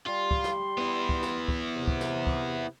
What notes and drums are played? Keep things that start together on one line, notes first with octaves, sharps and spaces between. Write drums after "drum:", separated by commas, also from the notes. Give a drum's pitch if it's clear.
G3 F4 C6
drum: kick
drum: snare
B3 E4
drum: kick
drum: snare
drum: kick
C3
drum: kick
drum: snare
drum: kick